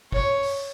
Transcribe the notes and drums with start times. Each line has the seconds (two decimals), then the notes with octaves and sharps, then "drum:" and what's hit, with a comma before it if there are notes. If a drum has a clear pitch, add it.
0.12 C#5, drum: kick
0.43 drum: open hi-hat